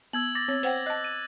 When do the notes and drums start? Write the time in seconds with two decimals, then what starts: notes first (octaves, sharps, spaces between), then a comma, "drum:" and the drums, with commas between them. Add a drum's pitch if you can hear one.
0.13 B3 E6 G#6 F#7
0.35 D6 A6 A#6
0.48 C4 C#5
0.63 C5 F#5 G5, drum: open hi-hat
0.86 D#5 A5 F#6
1.04 D#7